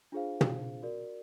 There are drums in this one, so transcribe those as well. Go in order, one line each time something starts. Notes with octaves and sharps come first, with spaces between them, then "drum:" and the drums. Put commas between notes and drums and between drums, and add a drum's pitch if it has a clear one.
D4 F4 G#4 C5 F5
drum: tom
F#4 A#4 D5